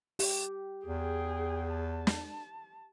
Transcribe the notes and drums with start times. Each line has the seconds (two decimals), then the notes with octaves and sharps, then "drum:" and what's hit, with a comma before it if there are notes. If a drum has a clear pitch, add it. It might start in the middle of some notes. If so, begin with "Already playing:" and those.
0.19 G4, drum: open hi-hat
0.86 E2 G#4 G5
1.72 A5
2.07 drum: snare